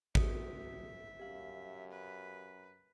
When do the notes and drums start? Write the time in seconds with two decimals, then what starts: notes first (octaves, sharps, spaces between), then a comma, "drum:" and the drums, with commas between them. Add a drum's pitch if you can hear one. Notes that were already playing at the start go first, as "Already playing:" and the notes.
0.15 F#4 E5 D#6, drum: kick
1.20 F#2 G4 F5
1.90 B4